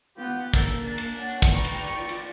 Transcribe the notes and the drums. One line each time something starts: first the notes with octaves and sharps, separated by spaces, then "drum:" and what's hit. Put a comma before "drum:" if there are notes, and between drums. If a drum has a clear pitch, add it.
B3 F4 G4 F#5
A#3 A4 A#4, drum: kick, cymbal
D4
drum: cymbal
C#4 F#5
drum: kick, cymbal
B4 D5 G5 A#5 C#6
drum: cymbal
F4 D5
drum: cymbal